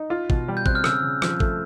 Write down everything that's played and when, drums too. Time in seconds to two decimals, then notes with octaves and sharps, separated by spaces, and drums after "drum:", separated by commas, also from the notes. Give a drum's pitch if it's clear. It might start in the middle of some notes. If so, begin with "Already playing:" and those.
Already playing: D#4
0.10 F4
0.30 B2, drum: kick G#1
0.48 G3
0.57 G6
0.66 C4 F#6, drum: kick G#1
0.75 F6
0.84 C#3 E6, drum: rim click
1.02 C#3
1.22 F3, drum: rim click
1.40 A3, drum: kick G#1